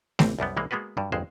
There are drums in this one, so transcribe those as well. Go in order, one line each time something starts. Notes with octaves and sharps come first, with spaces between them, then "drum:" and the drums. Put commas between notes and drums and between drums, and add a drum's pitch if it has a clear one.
A1 E3 C4, drum: snare A3
C2 F#2 G3 B3
C2 E3 G#3 A#3
G#3 A#3 B3 F#4 B4
G2 F#3 G3
G1 F2 G#3 C5